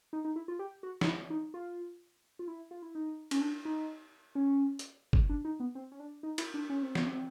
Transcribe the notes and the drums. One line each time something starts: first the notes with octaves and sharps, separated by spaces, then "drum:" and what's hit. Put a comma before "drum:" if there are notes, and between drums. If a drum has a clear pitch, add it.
D#4
D#4
E4
F4
G4
F#4
D#4, drum: snare
E4
D#4
F4
F4
E4
F4
E4
D#4
C#4, drum: cymbal
D4
D#4
C#4
drum: hi-hat
drum: kick
D4
D#4
B3
C4
C#4
D4
D#4
E4, drum: cymbal
D4
C#4
C4
B3, drum: snare
C4